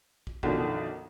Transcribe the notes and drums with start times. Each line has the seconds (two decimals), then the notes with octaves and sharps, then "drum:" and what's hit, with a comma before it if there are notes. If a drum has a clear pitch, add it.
0.27 drum: kick
0.43 B1 F#2 D3 D#3 F3, drum: kick